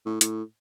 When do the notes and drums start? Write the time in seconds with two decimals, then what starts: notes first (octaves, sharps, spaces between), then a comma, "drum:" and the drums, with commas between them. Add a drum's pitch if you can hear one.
0.06 A2
0.21 A2, drum: hi-hat